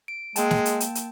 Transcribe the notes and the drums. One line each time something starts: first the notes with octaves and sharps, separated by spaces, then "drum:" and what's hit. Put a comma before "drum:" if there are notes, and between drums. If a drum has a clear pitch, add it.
D7
G#3 A#3 G5 A5, drum: hi-hat
drum: snare
drum: hi-hat
drum: hi-hat
drum: hi-hat